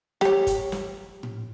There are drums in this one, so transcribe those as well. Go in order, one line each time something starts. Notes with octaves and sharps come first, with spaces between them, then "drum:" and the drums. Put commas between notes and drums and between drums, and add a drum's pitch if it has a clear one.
G4 C#5, drum: snare
drum: kick F#1, hi-hat
drum: snare
drum: tom A2